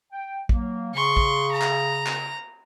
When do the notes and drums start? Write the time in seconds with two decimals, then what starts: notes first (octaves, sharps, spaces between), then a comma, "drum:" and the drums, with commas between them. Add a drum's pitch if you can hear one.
0.12 G5
0.49 F#3 A#3, drum: kick
0.94 C#3 C6 C#6
1.17 drum: kick
1.51 A#5
1.62 drum: clap
2.06 drum: clap